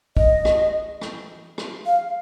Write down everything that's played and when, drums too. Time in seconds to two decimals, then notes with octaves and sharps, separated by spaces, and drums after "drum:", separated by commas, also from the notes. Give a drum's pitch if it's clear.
0.17 D#5, drum: kick
0.45 drum: rim click
1.01 drum: rim click
1.58 drum: rim click
1.86 F5